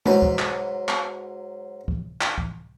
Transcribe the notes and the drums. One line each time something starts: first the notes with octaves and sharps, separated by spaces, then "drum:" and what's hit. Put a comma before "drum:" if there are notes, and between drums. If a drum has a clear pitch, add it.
G#2 F#3 B4, drum: tom G#3
drum: kick C#2
drum: clap
drum: clap
drum: kick C#2
drum: clap
drum: kick C#2